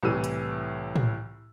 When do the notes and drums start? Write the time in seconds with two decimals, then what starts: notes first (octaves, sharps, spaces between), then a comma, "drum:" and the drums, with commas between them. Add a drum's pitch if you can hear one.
0.03 C2 A2 E3 A3 E6 D#7
0.24 drum: hi-hat
0.96 drum: tom A2